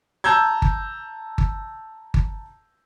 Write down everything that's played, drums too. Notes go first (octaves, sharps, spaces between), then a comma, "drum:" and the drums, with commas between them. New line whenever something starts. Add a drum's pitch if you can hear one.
A5 A#5 E6 G6 G#6
drum: kick G1
drum: kick G1
drum: kick G1